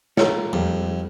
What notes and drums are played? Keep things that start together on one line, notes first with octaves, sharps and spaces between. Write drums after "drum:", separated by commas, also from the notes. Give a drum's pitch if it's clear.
F4 A#4 C#5, drum: snare
F2 G3